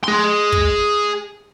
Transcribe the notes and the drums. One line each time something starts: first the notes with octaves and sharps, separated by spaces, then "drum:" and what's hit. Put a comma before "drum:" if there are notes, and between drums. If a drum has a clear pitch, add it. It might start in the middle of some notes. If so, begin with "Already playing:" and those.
G#4 C6
drum: kick